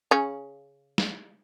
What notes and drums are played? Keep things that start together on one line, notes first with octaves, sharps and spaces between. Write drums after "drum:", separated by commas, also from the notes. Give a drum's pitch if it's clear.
C#3 C#4
drum: snare